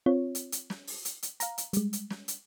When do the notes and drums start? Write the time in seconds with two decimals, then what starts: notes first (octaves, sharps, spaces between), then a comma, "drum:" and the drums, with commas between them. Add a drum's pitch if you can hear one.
0.06 C4 F4 C#5
0.35 drum: hi-hat
0.52 drum: hi-hat
0.70 drum: snare
0.87 drum: open hi-hat
1.05 drum: hi-hat
1.23 drum: hi-hat
1.40 F5 A#5, drum: hi-hat
1.58 drum: hi-hat
1.73 G3 G#3, drum: hi-hat
1.93 drum: hi-hat
2.10 drum: snare
2.28 drum: hi-hat